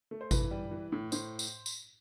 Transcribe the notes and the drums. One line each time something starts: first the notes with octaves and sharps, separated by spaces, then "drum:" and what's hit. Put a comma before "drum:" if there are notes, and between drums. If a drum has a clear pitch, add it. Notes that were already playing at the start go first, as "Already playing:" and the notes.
A3
C5
E3 B4, drum: kick G#1, tambourine
G3
E3
A2
A2 C5, drum: tambourine
drum: tambourine
drum: tambourine